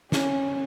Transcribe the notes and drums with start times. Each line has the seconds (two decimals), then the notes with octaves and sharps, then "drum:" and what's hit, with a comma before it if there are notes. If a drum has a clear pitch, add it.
0.12 C#4, drum: snare